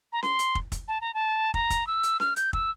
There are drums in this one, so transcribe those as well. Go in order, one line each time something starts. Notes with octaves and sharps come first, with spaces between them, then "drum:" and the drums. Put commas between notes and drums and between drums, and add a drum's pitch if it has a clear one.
A#5
C6, drum: snare C#4
drum: hi-hat
drum: kick
drum: kick, hi-hat
A5
A#5
A5
A#5, drum: kick
drum: kick, hi-hat
E6
drum: hi-hat
F6, drum: snare C#4
G6, drum: hi-hat
E6, drum: kick